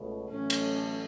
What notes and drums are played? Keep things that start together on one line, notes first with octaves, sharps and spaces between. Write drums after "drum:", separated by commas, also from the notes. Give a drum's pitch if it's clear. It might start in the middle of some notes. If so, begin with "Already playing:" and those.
Already playing: C#2 B2 A3
A1 A2 F#3 A3 C#4
drum: cymbal